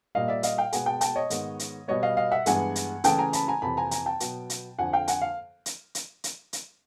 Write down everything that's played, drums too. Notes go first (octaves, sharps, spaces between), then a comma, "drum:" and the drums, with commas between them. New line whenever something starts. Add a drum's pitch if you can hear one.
A#2 G3 A#3 D#5 F5
D5 E5
D#5 F5, drum: hi-hat
F5 G5
B2 G#3 B3 F#5 G#5, drum: hi-hat
G5 A5
G5 A5, drum: hi-hat
C#5 D#5
G#2 D#3 G#3 B3, drum: hi-hat
drum: hi-hat
B2 G3 B3 C#5 D#5
D#5 F5
D#5 F5
E5 F#5
G2 E3 G#3 B3 F#5 G#5, drum: hi-hat
drum: hi-hat
C#3 E3 A3 G5 A5, drum: hi-hat
G#5 A#5
A5 B5, drum: hi-hat
G#5 A#5
F2 C3 E3 A5 B5
G#5 A#5
G#5 A#5, drum: hi-hat
G5 A5
B2 F#3 B3, drum: hi-hat
drum: hi-hat
F2 D3 F3 F#5 G#5
F5 G5
F#5 G#5, drum: hi-hat
F5
drum: hi-hat
drum: hi-hat
drum: hi-hat
drum: hi-hat